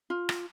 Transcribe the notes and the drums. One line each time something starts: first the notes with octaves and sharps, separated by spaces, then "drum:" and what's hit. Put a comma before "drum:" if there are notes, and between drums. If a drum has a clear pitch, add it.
F4
drum: rim click